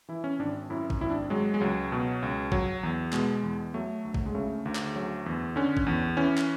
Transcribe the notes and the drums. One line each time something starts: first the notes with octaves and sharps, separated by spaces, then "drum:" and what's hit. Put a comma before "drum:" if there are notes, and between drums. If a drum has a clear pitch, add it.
E3 E4
C#4
G#1 D4
F#2 E4
drum: kick G#1
G#1 E4
D4
F#3 G#3
G#3
C#2 F#3
B2
C#2
F#3, drum: kick G#1
E2
B2 G#3, drum: clap
E2
F#3 A3
D2
drum: kick G#1
G#3
C#3 A3
D2
drum: clap
F#3
E2
D3 C#4
drum: kick G#1
E2
E3 C#4
drum: clap